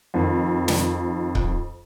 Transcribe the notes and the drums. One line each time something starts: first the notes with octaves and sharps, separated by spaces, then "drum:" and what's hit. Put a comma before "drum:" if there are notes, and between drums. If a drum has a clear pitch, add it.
F2 D#3
drum: snare
drum: kick C#1